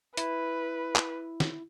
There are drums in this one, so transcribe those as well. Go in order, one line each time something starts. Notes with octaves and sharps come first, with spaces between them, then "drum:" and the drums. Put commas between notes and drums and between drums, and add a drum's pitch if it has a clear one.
E4 B4, drum: hi-hat
drum: clap
drum: snare